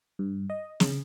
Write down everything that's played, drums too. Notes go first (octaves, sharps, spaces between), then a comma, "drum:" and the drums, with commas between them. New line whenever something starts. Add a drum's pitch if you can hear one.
G2
D#5
C#3, drum: snare